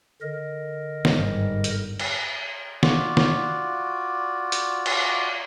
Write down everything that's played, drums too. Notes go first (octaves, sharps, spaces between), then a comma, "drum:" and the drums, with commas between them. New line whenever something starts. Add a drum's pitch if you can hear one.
D3 A#4 D#5
G1 G#2 G3, drum: snare
drum: hi-hat
drum: cymbal
F4 F#4 D5, drum: snare
drum: snare
drum: hi-hat
drum: cymbal